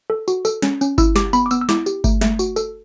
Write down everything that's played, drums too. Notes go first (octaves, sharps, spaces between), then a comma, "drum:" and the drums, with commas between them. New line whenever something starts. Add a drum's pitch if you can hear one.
A4
F#4, drum: tambourine
A4, drum: tambourine
C#4, drum: snare
C#4, drum: tambourine
E4 E6, drum: kick G1, tambourine
G4 D6, drum: snare
B3 B5, drum: tambourine
D6
B3 E6, drum: tambourine
E6
E4 D6, drum: snare
G4, drum: tambourine
A3, drum: kick G1, tambourine
A3, drum: snare
F#4, drum: tambourine
A4, drum: tambourine